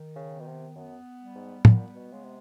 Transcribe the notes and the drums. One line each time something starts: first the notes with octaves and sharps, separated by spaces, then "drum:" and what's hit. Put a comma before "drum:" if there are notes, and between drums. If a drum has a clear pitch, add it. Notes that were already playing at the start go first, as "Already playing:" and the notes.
Already playing: D#3
C#3
B3
B2
C3
F#2 B3
G3
G#2
A#2 B3, drum: tom
B2
C#3 G#3
C3